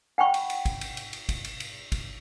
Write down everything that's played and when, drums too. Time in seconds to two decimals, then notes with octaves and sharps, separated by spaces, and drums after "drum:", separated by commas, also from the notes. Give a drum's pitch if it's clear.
0.18 F#5 G5 B5 C#6
0.34 drum: cymbal
0.50 drum: cymbal
0.65 drum: kick G#1, cymbal
0.81 drum: cymbal
0.97 drum: cymbal
1.13 drum: cymbal
1.29 drum: kick G#1, cymbal
1.44 drum: cymbal
1.60 drum: cymbal
1.92 drum: kick G#1, cymbal